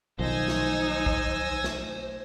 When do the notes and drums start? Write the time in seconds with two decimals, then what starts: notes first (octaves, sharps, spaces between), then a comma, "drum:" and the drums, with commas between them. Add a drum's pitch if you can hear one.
0.19 B1 D#3 F3 D#4 C5 G#5 E6 A#6
0.48 drum: snare
1.06 drum: kick
1.64 drum: snare